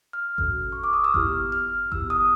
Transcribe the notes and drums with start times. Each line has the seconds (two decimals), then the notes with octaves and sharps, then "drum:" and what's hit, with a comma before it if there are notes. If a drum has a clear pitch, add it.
0.13 F6
0.38 C#4 F#4 A4 F6, drum: kick G1
0.72 C#6
0.84 D6
0.93 D#6
1.04 E6
1.14 B3 E4 G4 F6, drum: kick G1
1.52 F6
1.92 B3 E4 G4 E6, drum: kick G1
2.10 D#6